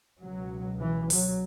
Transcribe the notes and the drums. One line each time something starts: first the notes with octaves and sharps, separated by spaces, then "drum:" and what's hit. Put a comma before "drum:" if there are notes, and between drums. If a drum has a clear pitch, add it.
C#2 B2 F#3
E3
F#3, drum: open hi-hat